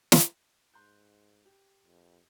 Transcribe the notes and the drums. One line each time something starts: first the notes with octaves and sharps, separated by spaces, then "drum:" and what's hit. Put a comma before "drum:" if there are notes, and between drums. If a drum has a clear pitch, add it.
drum: snare
G#2 C6 F#6 G6
G4
F2